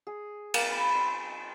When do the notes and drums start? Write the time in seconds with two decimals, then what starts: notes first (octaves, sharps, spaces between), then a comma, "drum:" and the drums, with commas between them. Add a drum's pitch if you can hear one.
0.07 G#4
0.54 A#3, drum: cymbal
0.71 B5
0.95 C6